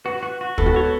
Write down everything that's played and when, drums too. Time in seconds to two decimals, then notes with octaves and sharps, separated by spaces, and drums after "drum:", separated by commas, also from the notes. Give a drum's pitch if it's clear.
0.05 F#4 B4
0.23 F#4
0.41 F#4
0.58 B3 A4, drum: kick
0.66 F#4
0.74 A4 C#5